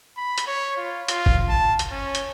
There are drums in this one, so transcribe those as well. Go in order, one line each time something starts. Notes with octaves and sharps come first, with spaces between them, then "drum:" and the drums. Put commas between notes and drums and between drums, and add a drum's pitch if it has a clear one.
B5
drum: hi-hat
C#5
F4
F4, drum: hi-hat
drum: kick
A5
drum: hi-hat
C#4
drum: hi-hat